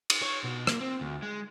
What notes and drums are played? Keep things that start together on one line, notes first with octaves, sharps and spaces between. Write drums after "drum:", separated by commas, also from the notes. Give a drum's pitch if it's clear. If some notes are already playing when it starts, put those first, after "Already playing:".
drum: cymbal
C#5
B2
A#3, drum: rim click
C4
D2
G#3